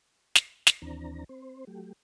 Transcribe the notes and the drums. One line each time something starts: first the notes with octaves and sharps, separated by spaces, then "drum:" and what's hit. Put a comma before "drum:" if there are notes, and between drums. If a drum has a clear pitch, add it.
drum: snare
drum: snare
D#2 E3 C4 D4 A#5
C4 C5
F#3 A3 G4